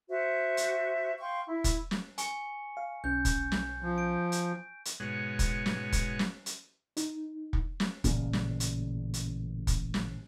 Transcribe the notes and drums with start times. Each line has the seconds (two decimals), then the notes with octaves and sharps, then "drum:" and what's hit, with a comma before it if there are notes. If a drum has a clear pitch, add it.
0.09 F#4 C5 E5
0.57 drum: hi-hat
1.20 F5 G5 C6 C#6
1.46 E4
1.64 drum: kick, hi-hat
1.91 drum: snare
2.18 G#5 C#6 C#7, drum: hi-hat
2.77 F5
3.04 B1 C#4 G6
3.25 drum: kick, hi-hat
3.52 drum: snare
3.82 F3
3.98 D7
4.32 drum: hi-hat
4.85 drum: hi-hat
5.00 G#2 B2 G#3 C#5 F#5
5.39 drum: kick, hi-hat
5.66 drum: snare
5.92 drum: kick, hi-hat
6.19 drum: snare
6.46 drum: hi-hat
6.97 D#4, drum: hi-hat
7.53 drum: kick
7.80 drum: snare
8.04 A1 A#2 C#3 A#3, drum: kick, hi-hat
8.33 drum: snare
8.60 drum: hi-hat
9.14 drum: hi-hat
9.67 drum: kick, hi-hat
9.94 drum: snare